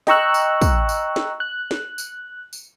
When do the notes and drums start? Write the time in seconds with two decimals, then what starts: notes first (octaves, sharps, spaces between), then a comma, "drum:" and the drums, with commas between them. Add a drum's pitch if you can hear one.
0.07 D#5 G5 A#5 C#6 E6 F#6, drum: snare
0.34 drum: tambourine
0.61 drum: kick, tambourine
0.89 drum: tambourine
1.16 drum: snare
1.40 F#6
1.71 drum: snare
1.98 drum: tambourine
2.53 drum: tambourine